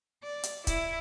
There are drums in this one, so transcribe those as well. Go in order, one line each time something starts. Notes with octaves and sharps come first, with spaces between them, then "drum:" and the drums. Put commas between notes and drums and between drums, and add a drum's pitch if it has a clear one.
D5
drum: hi-hat
E4, drum: kick C#1, hi-hat